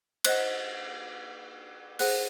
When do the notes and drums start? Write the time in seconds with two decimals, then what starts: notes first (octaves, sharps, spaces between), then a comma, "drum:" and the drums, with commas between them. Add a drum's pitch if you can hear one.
0.24 C5 D#5 F#5 F#6, drum: cymbal
1.99 G#4 C5 F#5 F#6, drum: open hi-hat